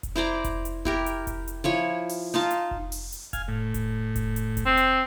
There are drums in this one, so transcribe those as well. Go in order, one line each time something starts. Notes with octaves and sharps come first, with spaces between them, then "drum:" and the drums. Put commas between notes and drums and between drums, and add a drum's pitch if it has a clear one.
drum: kick F1, hi-hat
E4 C5 D5 A#5
drum: kick F1, hi-hat
drum: hi-hat
E4 G4 A#4, drum: kick F1
drum: hi-hat
drum: kick F1, hi-hat
drum: hi-hat
F3 E4 C#5
drum: open hi-hat
D#4 F4 A5
drum: hi-hat
drum: kick F1
drum: open hi-hat
drum: hi-hat
F5 G#5, drum: kick F1, hi-hat
A2
drum: kick F1, hi-hat
drum: kick F1, hi-hat
drum: hi-hat
drum: kick F1, hi-hat
C4
drum: hi-hat